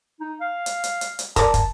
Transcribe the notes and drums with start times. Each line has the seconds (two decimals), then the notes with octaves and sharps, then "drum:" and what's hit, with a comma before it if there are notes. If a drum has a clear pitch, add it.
0.20 D#4
0.41 F5
0.66 drum: hi-hat
0.84 drum: hi-hat
1.01 drum: hi-hat
1.19 drum: hi-hat
1.36 A#4 D5 A5, drum: kick, hi-hat
1.54 drum: kick, hi-hat